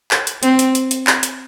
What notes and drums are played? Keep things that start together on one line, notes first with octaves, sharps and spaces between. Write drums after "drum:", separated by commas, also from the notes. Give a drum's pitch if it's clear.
drum: clap
drum: hi-hat
C4, drum: hi-hat
drum: hi-hat
drum: hi-hat
drum: hi-hat
drum: clap
drum: hi-hat